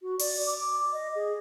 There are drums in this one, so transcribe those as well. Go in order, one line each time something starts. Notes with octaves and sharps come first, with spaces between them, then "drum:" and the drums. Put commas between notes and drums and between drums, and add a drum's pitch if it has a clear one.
F#4
D5, drum: open hi-hat
D6
D#5
G#4